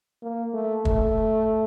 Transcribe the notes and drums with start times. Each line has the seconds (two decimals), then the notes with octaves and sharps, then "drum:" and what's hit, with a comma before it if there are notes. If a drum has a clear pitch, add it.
0.23 A#3
0.53 A3
0.85 A3, drum: kick